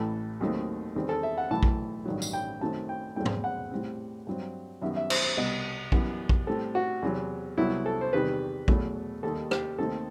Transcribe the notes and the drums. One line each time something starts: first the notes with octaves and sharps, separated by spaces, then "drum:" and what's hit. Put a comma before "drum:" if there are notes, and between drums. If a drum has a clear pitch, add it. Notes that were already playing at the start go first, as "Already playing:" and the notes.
Already playing: A1 A2 E3 A3 A4
D#2 D#3 F#3 A3 C4
E2 D#3 G3 C4
A4
E5
F#5
B1 A2 E3 A3 A5
drum: kick A#1
A1 G2 D#3 F#3
drum: tambourine
G5
F#2 D#3 F#3 A3 C4 A5
G5
E2 B2 F#3 A3 C4 G5
drum: tom G#2
F#5
A2 G3 C4
G2 F#3 C4
F#2 D#3 G3 B3 E5
E5
C5, drum: cymbal
C5
C2 B2 G3 B3 D#5
F#2 E3 G3 B3, drum: kick A#1
drum: kick A#1
A2 G3 C4 A4
F#4
E2 C3 F#3
C2 C3 F#3 B3 E4
A4
C5
E2 C3 D#3 G3 C4 B4
E2 B2 F#3 A3, drum: kick A#1
D#2 D#3 G3 A4
G4, drum: rim click
D#2 D#3 A3 C4 A4